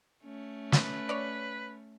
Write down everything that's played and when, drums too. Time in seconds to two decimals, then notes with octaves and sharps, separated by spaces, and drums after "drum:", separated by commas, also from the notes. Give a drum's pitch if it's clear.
0.24 A3 C#4
0.72 B4, drum: snare
1.09 C#5 D5